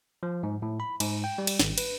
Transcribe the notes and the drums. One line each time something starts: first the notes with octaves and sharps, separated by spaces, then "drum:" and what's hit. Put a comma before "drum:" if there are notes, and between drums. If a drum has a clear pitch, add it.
F3
G#2
A2
B5
G#2, drum: cymbal
G5
G3
drum: cymbal
G#1, drum: snare
B4, drum: cymbal